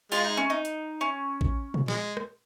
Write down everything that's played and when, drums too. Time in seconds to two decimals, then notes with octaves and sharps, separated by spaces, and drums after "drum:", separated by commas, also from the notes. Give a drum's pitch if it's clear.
0.12 G#3 F4, drum: tambourine
0.24 D#4
0.37 C#4
0.50 D#4
0.65 drum: hi-hat
1.01 C#4
1.41 drum: kick A1
1.74 drum: tom A#2
1.88 G#3, drum: snare
2.17 drum: rim click